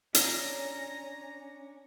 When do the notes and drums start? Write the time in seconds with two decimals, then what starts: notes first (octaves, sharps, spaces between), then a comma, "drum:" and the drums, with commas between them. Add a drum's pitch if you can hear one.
0.15 C#4 D4 C#5 A#5, drum: hi-hat